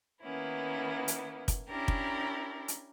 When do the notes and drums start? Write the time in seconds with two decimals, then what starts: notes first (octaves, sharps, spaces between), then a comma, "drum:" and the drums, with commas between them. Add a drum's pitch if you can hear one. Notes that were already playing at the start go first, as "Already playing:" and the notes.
0.22 D#3 A#3 B3 C#4 E4
1.08 drum: hi-hat
1.48 drum: kick, hi-hat
1.68 C#4 D4 E4 G4 A#4
1.88 drum: kick
2.68 drum: hi-hat